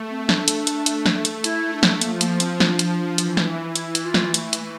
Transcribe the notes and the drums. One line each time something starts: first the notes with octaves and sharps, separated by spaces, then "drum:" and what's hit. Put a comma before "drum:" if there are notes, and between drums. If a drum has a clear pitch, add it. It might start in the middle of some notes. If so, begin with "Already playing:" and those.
Already playing: A3
C4
D4, drum: snare
drum: hi-hat
drum: hi-hat
drum: hi-hat
drum: snare
drum: hi-hat
A3 E4, drum: hi-hat
D4
drum: snare
F3 A#3, drum: hi-hat
A3
A#3, drum: hi-hat
C4, drum: hi-hat
D4, drum: snare
drum: hi-hat
E3, drum: hi-hat
drum: snare
E3 E4, drum: hi-hat
drum: hi-hat
F4
drum: snare
A3, drum: hi-hat
drum: hi-hat
A3